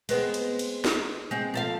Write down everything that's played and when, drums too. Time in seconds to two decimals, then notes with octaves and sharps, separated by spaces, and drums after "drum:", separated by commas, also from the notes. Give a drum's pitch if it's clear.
0.09 G#3 B3 C4, drum: cymbal
0.34 drum: cymbal
0.59 drum: cymbal
0.85 drum: snare
1.31 G#3 C4
1.54 F3 A4 F5